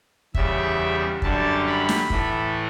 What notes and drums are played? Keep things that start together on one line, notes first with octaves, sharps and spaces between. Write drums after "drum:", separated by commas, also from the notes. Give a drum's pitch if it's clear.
E2 C#3 G3 E5, drum: kick
F#2 D3 G3 A5, drum: kick
B5
drum: snare
A2 E3 A3, drum: kick